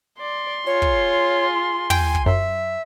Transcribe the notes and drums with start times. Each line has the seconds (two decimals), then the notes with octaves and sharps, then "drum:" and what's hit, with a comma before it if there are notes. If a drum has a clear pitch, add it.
0.21 D5 C6
0.66 F4 G#4 C#5
0.82 drum: kick
1.90 G5 G#5, drum: tom
2.15 drum: kick
2.26 F#2 E5